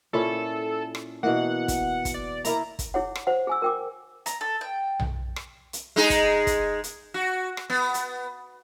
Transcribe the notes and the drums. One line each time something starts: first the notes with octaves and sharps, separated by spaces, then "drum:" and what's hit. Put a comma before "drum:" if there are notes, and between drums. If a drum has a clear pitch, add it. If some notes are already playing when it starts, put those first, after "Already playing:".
A#2 C#4 E4 A4
drum: rim click
B2 E3 A#3 F#5
drum: kick, hi-hat
drum: kick, hi-hat
D5
A#3 E4 A#4 A#5, drum: hi-hat
drum: kick, hi-hat
E4 G#4 C#5 F#5
drum: rim click
C5 F#5
G#4 G#5 E6
A#4 G5 D6
A#5, drum: hi-hat
A4
G5
drum: tom B1
drum: rim click
drum: hi-hat
G#3 D#4 G#4
drum: kick, hi-hat
drum: kick, hi-hat
drum: hi-hat
F#4
drum: rim click
B3
drum: hi-hat